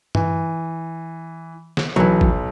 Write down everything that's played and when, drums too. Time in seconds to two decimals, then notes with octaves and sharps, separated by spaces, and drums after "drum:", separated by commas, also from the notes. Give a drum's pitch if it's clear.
0.15 E3, drum: tom G2
1.77 drum: snare
1.96 B1 E3 F#3 B4
2.21 drum: kick G#1